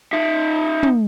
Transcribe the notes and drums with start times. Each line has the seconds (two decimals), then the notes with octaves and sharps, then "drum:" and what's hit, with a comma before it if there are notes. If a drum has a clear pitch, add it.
0.13 D#4 E5
0.83 drum: tom